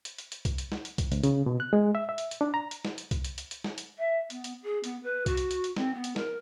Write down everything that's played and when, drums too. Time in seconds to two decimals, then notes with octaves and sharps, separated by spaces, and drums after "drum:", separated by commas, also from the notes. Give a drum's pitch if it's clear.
0.05 drum: hi-hat
0.18 drum: hi-hat
0.32 drum: hi-hat
0.45 drum: kick C2, hi-hat
0.58 drum: hi-hat
0.72 drum: snare
0.85 drum: hi-hat
0.98 drum: kick C2, hi-hat
1.12 C#2, drum: hi-hat
1.24 C#3, drum: hi-hat
1.46 B2
1.60 F#6
1.73 G#3
1.95 E5
2.09 E5
2.18 drum: hi-hat
2.31 drum: hi-hat
2.41 D4
2.54 A#5
2.71 drum: hi-hat
2.85 drum: snare
2.98 drum: hi-hat
3.11 drum: kick C2, hi-hat
3.25 drum: hi-hat
3.38 drum: hi-hat
3.51 drum: hi-hat
3.64 drum: snare
3.78 drum: hi-hat
3.98 E5
4.30 B3, drum: hi-hat
4.44 drum: hi-hat
4.63 G#4
4.84 B3, drum: hi-hat
5.03 B4
5.26 F#4, drum: kick C2, hi-hat
5.37 drum: hi-hat
5.51 drum: hi-hat
5.64 drum: hi-hat
5.77 C4, drum: snare
5.94 B3
6.04 drum: hi-hat
6.16 A#4, drum: snare